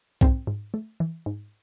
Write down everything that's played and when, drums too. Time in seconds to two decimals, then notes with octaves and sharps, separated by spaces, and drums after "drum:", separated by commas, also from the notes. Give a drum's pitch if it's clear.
0.21 G#2 C4, drum: kick B1
0.47 G#2
0.74 A3
1.00 E3
1.26 G#2